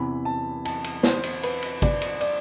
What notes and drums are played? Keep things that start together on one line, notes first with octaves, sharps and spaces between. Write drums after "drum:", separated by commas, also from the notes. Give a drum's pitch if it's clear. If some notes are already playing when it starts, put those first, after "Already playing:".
Already playing: E2 C3 E3 B5
A5
A5, drum: cymbal
drum: cymbal
C5, drum: snare
drum: cymbal
B4, drum: cymbal
drum: cymbal
D5, drum: kick, cymbal
drum: cymbal
D5, drum: cymbal